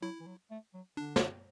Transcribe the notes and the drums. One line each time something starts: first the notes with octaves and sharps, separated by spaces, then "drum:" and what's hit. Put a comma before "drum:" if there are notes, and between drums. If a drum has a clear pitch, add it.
F#3 E4
E3
F#3
A3
F#3
D3 D4
drum: snare